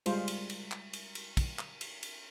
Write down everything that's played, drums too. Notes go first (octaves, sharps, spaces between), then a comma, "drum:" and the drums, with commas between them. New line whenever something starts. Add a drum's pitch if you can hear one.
G3 G#3 F4 C5, drum: cymbal
drum: cymbal
drum: cymbal
drum: clap
drum: cymbal
drum: cymbal
drum: kick, cymbal
drum: clap
drum: cymbal
drum: cymbal